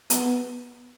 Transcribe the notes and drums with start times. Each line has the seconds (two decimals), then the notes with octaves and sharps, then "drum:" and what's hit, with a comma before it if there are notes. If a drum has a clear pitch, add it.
0.10 B3, drum: hi-hat